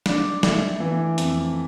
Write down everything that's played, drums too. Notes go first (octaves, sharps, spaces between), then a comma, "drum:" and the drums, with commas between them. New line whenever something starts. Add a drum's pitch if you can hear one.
D4, drum: snare
A3, drum: snare
E3
F2, drum: hi-hat